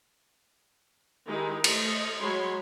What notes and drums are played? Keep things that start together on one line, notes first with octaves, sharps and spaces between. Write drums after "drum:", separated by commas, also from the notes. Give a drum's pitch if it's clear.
D#3 G#3 D#4 E4 G4
A3 D#5, drum: cymbal
F#3 G#3 C#5 B5 C6